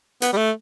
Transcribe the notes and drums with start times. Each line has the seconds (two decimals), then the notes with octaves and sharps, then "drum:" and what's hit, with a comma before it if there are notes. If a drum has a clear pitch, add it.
0.22 B3, drum: hi-hat
0.33 G3
0.37 A3